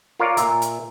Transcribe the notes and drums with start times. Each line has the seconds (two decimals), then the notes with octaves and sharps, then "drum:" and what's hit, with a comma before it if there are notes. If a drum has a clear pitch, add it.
0.19 F4 A#4 C#5 D5 F5
0.37 A#2 E5 A#5, drum: hi-hat
0.62 drum: hi-hat